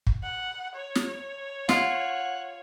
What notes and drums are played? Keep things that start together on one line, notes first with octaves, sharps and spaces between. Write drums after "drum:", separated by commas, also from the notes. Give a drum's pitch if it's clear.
drum: kick
F#5
C#5
drum: snare
F4 F#5, drum: snare